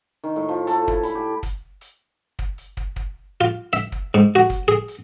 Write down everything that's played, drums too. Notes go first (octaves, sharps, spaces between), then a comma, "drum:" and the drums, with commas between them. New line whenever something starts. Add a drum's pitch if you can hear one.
D#3
A2
F3
A4, drum: hi-hat
E4, drum: kick
B5, drum: hi-hat
G4
drum: kick, hi-hat
drum: hi-hat
drum: kick
drum: hi-hat
drum: kick
drum: kick
F4
E5, drum: hi-hat
drum: kick
G#2
F#4
drum: kick, hi-hat
G#4
drum: hi-hat